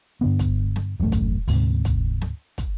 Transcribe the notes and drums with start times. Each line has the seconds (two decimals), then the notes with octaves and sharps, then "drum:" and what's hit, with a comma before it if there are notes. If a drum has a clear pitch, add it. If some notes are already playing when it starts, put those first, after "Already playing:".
0.21 G2 D3 B3
0.39 drum: kick, hi-hat
0.76 drum: snare
1.00 D#1 A1 F#2 A3
1.12 drum: kick, hi-hat
1.48 D2 G#2 C3, drum: open hi-hat
1.85 drum: kick, hi-hat
2.21 drum: snare
2.58 drum: kick, hi-hat